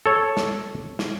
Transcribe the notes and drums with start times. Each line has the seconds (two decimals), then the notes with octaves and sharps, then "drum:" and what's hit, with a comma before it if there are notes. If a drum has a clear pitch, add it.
0.06 A4 C#5
0.37 drum: snare
0.99 drum: snare